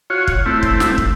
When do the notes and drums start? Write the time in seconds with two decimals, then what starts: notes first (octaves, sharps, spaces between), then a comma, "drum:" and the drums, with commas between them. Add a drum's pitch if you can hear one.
0.10 F4 F#4 C#5
0.28 drum: kick
0.46 A3 C4 E4
0.63 drum: kick
0.80 drum: snare
0.98 drum: kick